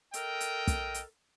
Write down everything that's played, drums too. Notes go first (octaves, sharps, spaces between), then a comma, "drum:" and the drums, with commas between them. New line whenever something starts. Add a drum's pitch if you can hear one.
A4 A#4 D#5 G5, drum: hi-hat
drum: hi-hat
drum: kick, hi-hat
drum: hi-hat